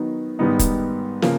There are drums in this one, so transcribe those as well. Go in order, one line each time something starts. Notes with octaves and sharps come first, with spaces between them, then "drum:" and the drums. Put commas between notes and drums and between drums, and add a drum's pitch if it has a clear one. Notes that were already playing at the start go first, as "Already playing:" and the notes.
Already playing: D#3 F#3 B3 D#4 F#4
G#2 D#3 G3 B3 D#4
drum: kick, hi-hat
C#3 F3 A#3, drum: snare